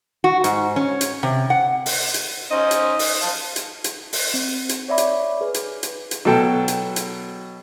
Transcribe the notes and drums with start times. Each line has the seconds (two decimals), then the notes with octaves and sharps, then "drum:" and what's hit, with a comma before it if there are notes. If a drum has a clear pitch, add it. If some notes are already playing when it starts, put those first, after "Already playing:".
0.24 F#4
0.44 G#2, drum: hi-hat
0.76 C#4
1.01 drum: hi-hat
1.23 C3
1.50 F#5
1.86 drum: open hi-hat
2.14 drum: hi-hat
2.51 C#4 D#4 C5 D#5
2.71 drum: hi-hat
2.99 drum: open hi-hat
3.22 C5 F5 A5
3.56 drum: hi-hat
3.84 drum: hi-hat
4.13 drum: open hi-hat
4.34 C4
4.69 drum: hi-hat
4.89 C#5 D5 E5 B5 D6
4.98 drum: hi-hat
5.41 G#4 B4
5.54 drum: hi-hat
5.83 drum: hi-hat
6.11 drum: hi-hat
6.25 B2 F#3 A4 G5
6.68 drum: hi-hat
6.96 drum: hi-hat